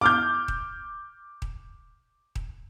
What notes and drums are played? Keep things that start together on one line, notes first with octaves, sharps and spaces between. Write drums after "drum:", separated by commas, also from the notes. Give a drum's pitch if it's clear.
D6 F6 G6
drum: kick D#1
drum: kick D#1
drum: kick D#1